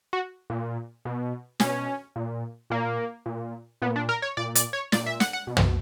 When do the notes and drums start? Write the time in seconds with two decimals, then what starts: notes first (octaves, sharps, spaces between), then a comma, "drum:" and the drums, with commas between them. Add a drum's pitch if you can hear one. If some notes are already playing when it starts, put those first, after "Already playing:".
0.13 F#4
0.50 A#2
1.05 B2
1.60 B2 C#4, drum: snare
2.16 A#2
2.70 A#2 A#3
3.26 A#2
3.82 A#2 B3
3.96 D4
4.09 A#4
4.22 C#5
4.37 A#2 D5
4.55 D5, drum: hi-hat
4.73 C#5
4.92 A#2 D5, drum: snare
5.06 E5
5.20 F#5, drum: snare
5.33 F#5
5.47 B2
5.57 drum: tom